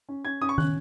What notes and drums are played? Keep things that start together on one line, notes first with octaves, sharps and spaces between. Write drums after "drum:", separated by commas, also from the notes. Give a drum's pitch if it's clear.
C#4
C#4 G#6
C#4 D#6
C#6
C#4 F#6, drum: tom